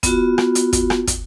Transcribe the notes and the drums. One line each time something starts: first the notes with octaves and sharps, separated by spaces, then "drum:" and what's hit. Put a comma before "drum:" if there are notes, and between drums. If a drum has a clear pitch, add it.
B3 F4 F#4, drum: kick, hi-hat
drum: rim click
drum: hi-hat
drum: kick, hi-hat
drum: rim click
drum: kick, hi-hat